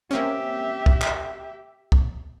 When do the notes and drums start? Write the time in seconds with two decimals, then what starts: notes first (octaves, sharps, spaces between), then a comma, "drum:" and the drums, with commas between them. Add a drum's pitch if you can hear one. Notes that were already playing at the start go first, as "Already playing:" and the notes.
0.11 A#3 C4 C#4 G4 E5
0.86 drum: kick
1.01 drum: clap
1.92 drum: kick